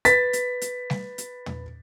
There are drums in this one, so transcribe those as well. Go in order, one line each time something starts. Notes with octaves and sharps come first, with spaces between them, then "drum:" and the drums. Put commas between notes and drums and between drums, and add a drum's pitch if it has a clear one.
B4 A6 B6, drum: hi-hat
drum: hi-hat
drum: hi-hat
drum: snare G3
drum: hi-hat
drum: tom